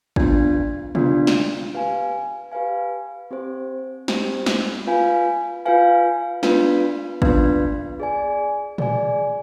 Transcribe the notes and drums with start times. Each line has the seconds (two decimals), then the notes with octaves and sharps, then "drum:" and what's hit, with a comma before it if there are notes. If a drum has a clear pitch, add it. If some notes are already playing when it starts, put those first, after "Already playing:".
0.16 B3 D4 F4, drum: kick
0.95 B3 D4 F4, drum: tom C3
1.27 drum: snare
1.74 G4 B4 F5 G#5
2.52 G4 B4 F5 G#5
3.31 C4 G4 C5
4.08 C4 G4 C5, drum: snare
4.46 drum: snare
4.87 F4 B4 F5 G#5
5.65 F4 B4 F5 G#5
6.43 B3 D4 F4 B4, drum: snare
7.22 B3 D4 F4 B4, drum: kick
8.00 G#4 D5 G#5
8.78 G#4 D5 G#5, drum: tom A#2